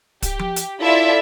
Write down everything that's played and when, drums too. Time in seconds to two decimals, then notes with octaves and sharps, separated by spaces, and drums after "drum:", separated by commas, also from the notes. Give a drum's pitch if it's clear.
0.22 G4, drum: kick, hi-hat
0.39 drum: tom F3
0.56 drum: hi-hat
0.81 E4 F4 A4 D5 E5